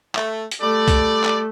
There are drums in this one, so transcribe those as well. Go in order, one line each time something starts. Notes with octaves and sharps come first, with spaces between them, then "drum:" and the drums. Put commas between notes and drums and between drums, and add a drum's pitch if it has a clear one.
A3, drum: clap
drum: hi-hat
G3 A3 D5
drum: kick, hi-hat
drum: clap